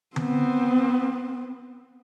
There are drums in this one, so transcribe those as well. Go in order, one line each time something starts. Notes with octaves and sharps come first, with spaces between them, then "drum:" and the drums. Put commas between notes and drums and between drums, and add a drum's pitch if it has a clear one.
B3 C4, drum: tom D3